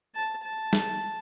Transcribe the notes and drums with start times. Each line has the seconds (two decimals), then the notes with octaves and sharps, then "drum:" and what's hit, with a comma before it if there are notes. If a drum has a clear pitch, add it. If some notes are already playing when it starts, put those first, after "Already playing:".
0.15 A5
0.43 A5
0.73 drum: snare